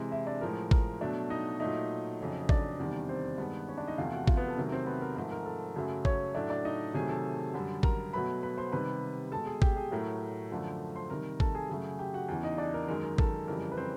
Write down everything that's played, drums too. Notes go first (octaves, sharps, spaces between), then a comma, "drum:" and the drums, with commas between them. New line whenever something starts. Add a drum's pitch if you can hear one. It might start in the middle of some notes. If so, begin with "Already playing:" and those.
Already playing: C3 E3 G#3
E4 E5
D4 D5
A2 F3 G#3 A#4
A#4, drum: kick G#1
B2 F#3 A3 D4 D5
D#4 D#5
A#2 F#3 A3 D#4 D#5
F2 C#3 F#3 A3
D4 D5, drum: kick G#1
E2 C3 D#3 G3
C4 C5
G2 D#3 G#3 B3 B4
C#4 C#5
D4 D5
D#4 D#5
E2 C3 F3 A3 F4 F5
F#4 F#5
F4 F5, drum: kick G#1
B3 B4
A4
C3 D#3 F#3 A3 A#4
C4 C5
B3 B4
A#4
G#2 F3 A3 A#4
A#4
A4
F#2 C#3 F#3 A3
C#4 C#5, drum: kick G#1
A2 F#3 A3 D4 D5
D4 D5
D#4 D#5
C3 D#3 F#3 A3 G#4 G#5
A4 A5
F#2 D3 G3
A#4 A#5, drum: kick G#1
B2 F#3 A3 B4 B5
B4 B5
C5 C6
C3 D#3 G3 B4 B5
B2 G#3 A4 A5
G#4 G#5
G4 G5, drum: kick G#1
G#4 G#5
A2 F#3 A3 A#4 A#5
F#2 D3 F3 A3
C5 C6
C3 D#3 G3 A#4 A#5
A4 A5, drum: kick G#1
G#4 G#5
F#2 C#3 F#3 A3 G#4 G#5
G4 G5
F#4 F#5
E2 C#3 E3
D#4 D#5
D4 D5
A#4
F#2 D#3 G#3 A#4
A#4
A4, drum: kick G#1
F2 C#3 E3 G3 A#4
B4
C4 C5